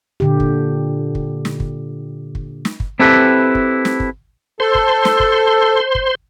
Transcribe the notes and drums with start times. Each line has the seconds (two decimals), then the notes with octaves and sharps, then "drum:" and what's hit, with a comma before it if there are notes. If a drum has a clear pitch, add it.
0.20 A#2 D3 G4
0.40 drum: kick
1.15 drum: kick
1.45 drum: snare
1.60 drum: kick
2.35 drum: kick
2.65 drum: snare
2.80 drum: kick
3.00 C4 E4 G4 A4 B4
3.55 drum: kick
3.85 drum: snare
4.00 drum: kick
4.60 A4 C5 C6
4.75 drum: kick
5.05 drum: snare
5.20 drum: kick
5.95 drum: kick